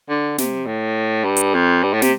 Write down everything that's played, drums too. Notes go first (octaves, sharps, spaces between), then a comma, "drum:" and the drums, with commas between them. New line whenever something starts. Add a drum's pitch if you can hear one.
D3
C3, drum: snare
A2
G2
drum: hi-hat
F2
G2
A2
C3, drum: snare